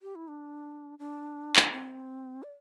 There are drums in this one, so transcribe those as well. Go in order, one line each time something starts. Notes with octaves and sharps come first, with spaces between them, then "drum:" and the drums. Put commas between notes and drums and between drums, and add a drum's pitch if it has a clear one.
G4
E4
D4
D4
drum: clap
C4
D5